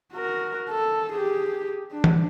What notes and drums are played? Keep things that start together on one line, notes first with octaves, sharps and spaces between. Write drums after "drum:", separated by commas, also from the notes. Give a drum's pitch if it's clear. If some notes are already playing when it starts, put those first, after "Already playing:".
F#4 A#4
A4
G4 G#4
D4
drum: tom E3